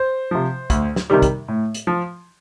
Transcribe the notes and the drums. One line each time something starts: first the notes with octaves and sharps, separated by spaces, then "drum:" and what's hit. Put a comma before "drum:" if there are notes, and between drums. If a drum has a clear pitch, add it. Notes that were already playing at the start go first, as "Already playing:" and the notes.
Already playing: C5
C3 F3
D2, drum: kick, hi-hat
drum: snare
C3 D#3 G3
drum: kick, hi-hat
A2
drum: hi-hat
F3